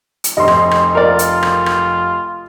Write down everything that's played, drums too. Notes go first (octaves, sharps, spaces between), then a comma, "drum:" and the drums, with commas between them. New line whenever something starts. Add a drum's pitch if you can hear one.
drum: hi-hat
F1 D#5 C6
drum: rim click
drum: rim click
F4 A#4 D5
drum: hi-hat
drum: rim click
drum: rim click